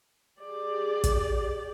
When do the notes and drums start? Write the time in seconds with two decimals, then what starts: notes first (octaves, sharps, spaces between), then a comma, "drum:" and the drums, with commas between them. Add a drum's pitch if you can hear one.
0.40 G4 G#4 D5
1.04 drum: kick, hi-hat